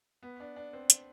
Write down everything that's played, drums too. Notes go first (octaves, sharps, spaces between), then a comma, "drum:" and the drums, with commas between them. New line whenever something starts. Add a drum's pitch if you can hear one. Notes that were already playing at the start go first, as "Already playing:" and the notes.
B3
D4
D4
C4
drum: hi-hat